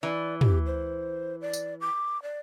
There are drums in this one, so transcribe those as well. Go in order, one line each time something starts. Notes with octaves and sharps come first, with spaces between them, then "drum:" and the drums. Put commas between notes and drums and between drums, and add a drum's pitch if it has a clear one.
E3 D5
G4, drum: tom
C5
D5
drum: tambourine
D6
D5